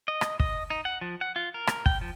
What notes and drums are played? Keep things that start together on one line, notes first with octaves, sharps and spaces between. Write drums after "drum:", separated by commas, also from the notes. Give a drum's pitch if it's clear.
D#5
drum: rim click
D#5, drum: kick
D#4
F#5
F3
F#5
F4
A#4
drum: rim click
G5, drum: kick
F3